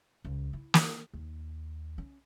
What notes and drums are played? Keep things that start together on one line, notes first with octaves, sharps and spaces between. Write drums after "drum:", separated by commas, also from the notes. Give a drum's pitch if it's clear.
C#2
E4
drum: snare
D#2
C#4